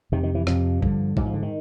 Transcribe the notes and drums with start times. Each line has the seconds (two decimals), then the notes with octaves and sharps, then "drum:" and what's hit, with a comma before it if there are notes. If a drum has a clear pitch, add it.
0.12 F2 C3 D#3
0.23 D#3
0.35 E3
0.47 F2 C3 F3, drum: rim click
0.82 G2 D3, drum: kick
1.17 G#2 F#3, drum: kick
1.26 F3
1.34 D3
1.42 D#3